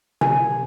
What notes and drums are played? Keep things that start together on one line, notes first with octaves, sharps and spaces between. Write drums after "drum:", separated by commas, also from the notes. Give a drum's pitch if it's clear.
G#5, drum: tom C3